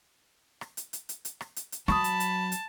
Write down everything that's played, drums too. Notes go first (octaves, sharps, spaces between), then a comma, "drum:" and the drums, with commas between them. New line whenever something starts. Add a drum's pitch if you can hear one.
drum: rim click
drum: hi-hat
drum: hi-hat
drum: hi-hat
drum: hi-hat
drum: rim click
drum: hi-hat
drum: hi-hat
F#3 A5 B5 C#6 D#6, drum: rim click
drum: hi-hat
drum: hi-hat
drum: hi-hat